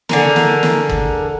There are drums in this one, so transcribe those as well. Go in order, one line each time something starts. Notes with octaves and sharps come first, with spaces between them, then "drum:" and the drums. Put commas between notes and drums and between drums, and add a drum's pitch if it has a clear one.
D3 G#4 A#4, drum: snare
drum: snare
drum: snare
drum: kick